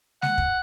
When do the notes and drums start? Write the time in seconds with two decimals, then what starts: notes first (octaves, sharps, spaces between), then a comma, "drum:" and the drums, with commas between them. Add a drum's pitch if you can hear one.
0.22 F#5, drum: snare G#3
0.38 drum: kick